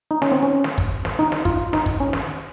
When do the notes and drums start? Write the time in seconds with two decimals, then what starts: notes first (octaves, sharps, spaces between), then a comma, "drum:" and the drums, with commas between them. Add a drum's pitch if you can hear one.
0.11 D#4
0.22 C#4, drum: snare
0.32 C4
0.43 C#4
0.64 drum: snare
0.78 drum: kick
1.05 drum: snare
1.19 D#4
1.32 drum: snare
1.45 F4, drum: kick
1.73 D#4, drum: snare
1.86 drum: kick
2.00 C#4
2.13 drum: snare